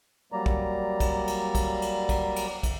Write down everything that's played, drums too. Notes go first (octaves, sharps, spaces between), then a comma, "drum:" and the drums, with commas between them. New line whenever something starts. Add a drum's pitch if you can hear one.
F#3 G3 A#3 D5 A#5
drum: kick
drum: kick, cymbal
drum: cymbal
drum: kick, cymbal
drum: cymbal
drum: kick, cymbal
drum: cymbal
drum: kick, cymbal